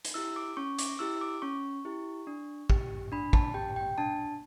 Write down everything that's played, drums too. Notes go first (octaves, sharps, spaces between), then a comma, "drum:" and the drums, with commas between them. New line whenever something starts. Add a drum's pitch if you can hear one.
drum: hi-hat
E4 G4 E6
D6
C#4 C#6
D6, drum: hi-hat
E4 G4 E6
D6
C#4 C#6
E4 G4
D4
G4, drum: kick
D4 B5
A5, drum: kick
G4 G5
G5
D4 A5